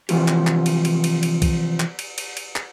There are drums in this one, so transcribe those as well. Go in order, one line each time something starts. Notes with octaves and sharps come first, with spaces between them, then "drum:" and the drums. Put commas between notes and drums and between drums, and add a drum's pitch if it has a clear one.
C3 E3 F3 G4, drum: cymbal
drum: clap
drum: clap
drum: cymbal
drum: cymbal
drum: cymbal
drum: cymbal
drum: kick B1, cymbal
drum: clap
drum: cymbal
drum: cymbal
drum: cymbal
drum: clap